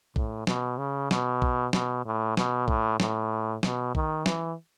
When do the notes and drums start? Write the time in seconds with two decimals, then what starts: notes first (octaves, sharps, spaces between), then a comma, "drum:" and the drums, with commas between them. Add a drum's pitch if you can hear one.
0.16 A2, drum: kick A#1
0.47 B2, drum: snare
0.78 C#3
1.11 B2, drum: snare
1.42 drum: kick A#1
1.73 B2, drum: snare
2.05 A2
2.37 B2, drum: snare
2.68 A2, drum: kick A#1
3.00 A2, drum: snare
3.63 B2, drum: snare
3.95 D#3, drum: kick A#1
4.26 E3, drum: snare